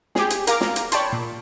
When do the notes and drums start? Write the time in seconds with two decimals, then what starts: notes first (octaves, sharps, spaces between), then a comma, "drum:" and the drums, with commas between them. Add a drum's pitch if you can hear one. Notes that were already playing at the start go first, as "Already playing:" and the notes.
0.15 G4 G#4, drum: snare
0.30 drum: hi-hat
0.47 A#4 F5 A#5 D6 F6, drum: hi-hat
0.61 drum: snare
0.76 drum: hi-hat
0.92 C#5 D5 G5 A5 B5 C6, drum: hi-hat
1.12 A#2